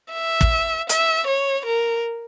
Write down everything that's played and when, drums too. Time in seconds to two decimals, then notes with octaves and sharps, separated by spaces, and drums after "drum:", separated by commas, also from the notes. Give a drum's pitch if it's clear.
0.13 E5
0.41 drum: kick
0.89 E5, drum: hi-hat
1.27 C#5
1.66 A#4